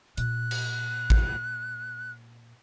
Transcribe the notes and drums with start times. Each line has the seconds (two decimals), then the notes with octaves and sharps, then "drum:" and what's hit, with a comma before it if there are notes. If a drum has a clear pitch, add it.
0.17 A#2 F#6, drum: hi-hat
0.51 drum: cymbal
1.10 drum: kick